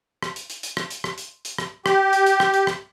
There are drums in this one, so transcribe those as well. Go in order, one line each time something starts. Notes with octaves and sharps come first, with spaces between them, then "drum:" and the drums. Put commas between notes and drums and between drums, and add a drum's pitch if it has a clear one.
drum: rim click
drum: hi-hat
drum: hi-hat
drum: hi-hat
drum: rim click
drum: hi-hat
drum: rim click
drum: hi-hat
drum: hi-hat
drum: rim click
G4, drum: rim click
drum: hi-hat
drum: hi-hat
drum: rim click
drum: hi-hat
drum: rim click